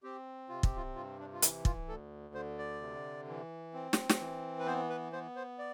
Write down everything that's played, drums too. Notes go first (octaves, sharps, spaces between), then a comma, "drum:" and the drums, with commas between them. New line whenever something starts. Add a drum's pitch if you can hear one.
C4 G4
C3 F4
G4, drum: kick
F4
G2 F4
D4
F4
E3 E4, drum: hi-hat
F4, drum: kick
D2 A4
D3 C5
D5
C3
E3
C4
drum: snare
drum: snare
E3
B4
B3 C5
B4
B3 C5
C5
D5